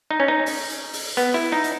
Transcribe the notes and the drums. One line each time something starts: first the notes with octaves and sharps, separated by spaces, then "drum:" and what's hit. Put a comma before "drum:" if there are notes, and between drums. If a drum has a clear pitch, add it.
D#4
C#4
D#4
drum: open hi-hat
drum: hi-hat
drum: open hi-hat
B3, drum: hi-hat
E4
D#4
drum: hi-hat